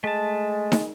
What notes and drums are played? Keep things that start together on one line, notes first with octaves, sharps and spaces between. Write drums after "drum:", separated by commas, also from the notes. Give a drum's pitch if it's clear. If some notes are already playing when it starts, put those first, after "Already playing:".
G#3 A3 A5
drum: snare